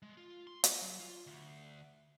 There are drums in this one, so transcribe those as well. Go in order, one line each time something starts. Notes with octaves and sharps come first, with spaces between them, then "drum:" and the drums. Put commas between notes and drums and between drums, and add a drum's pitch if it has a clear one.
G#3
F4
C6
D#5, drum: hi-hat
F#3
F4
D2